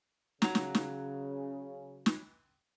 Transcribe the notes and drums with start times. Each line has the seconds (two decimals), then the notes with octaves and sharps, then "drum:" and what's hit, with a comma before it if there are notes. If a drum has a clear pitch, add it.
0.42 C#3 F#3 A#5, drum: snare
0.55 drum: snare
0.75 drum: snare
2.06 drum: snare